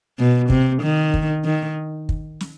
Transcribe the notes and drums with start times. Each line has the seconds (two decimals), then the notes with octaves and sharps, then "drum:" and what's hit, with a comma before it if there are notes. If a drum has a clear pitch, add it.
0.19 B2
0.50 C3, drum: kick
0.83 D#3
1.14 drum: kick
1.45 D#3
2.09 drum: kick
2.41 drum: snare